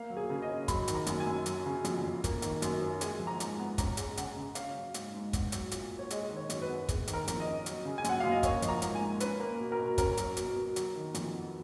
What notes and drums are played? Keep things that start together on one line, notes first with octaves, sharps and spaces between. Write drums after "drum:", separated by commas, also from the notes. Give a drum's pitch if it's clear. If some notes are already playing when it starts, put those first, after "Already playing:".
Already playing: A#3 F5
F#3
G#4
C#3
D#5
C#4
F#3 B5, drum: kick, hi-hat
D#3, drum: hi-hat
A#5
F#2, drum: hi-hat
G#5
F#2
F#3, drum: hi-hat
C#3
F2, drum: hi-hat
F2
A#3, drum: kick, hi-hat
D#3, drum: hi-hat
F#2, drum: hi-hat
C#4
G#3 G#5, drum: hi-hat
F3
A#5
G#2, drum: hi-hat
B3
C#4 A#5, drum: kick, hi-hat
G#3, drum: hi-hat
C#3 F#5, drum: hi-hat
C#3
C#4 F5, drum: hi-hat
F#3
G#2, drum: hi-hat
G#2
B3, drum: kick, hi-hat
F#3, drum: hi-hat
A#2, drum: hi-hat
A#2
C#5
G#3 D#5, drum: hi-hat
D#3
C#5
F#2, drum: hi-hat
B4
B3
G#3, drum: kick, hi-hat
D#3, drum: hi-hat
A#4
F2, drum: hi-hat
D#5
C#4
F#3, drum: hi-hat
C#3
G#5
F#2 F#5, drum: hi-hat
F#2 F5
D#5
A#3 C#5, drum: kick, hi-hat
F3, drum: hi-hat
A#5
G#2, drum: hi-hat
G#5
G#2
C#4 B4, drum: hi-hat
A#3
B2
A#4
B2
C#4 A#4, drum: kick, hi-hat
F#3, drum: hi-hat
B2, drum: hi-hat
B2
F#3, drum: hi-hat
D#3
F2, drum: hi-hat
B3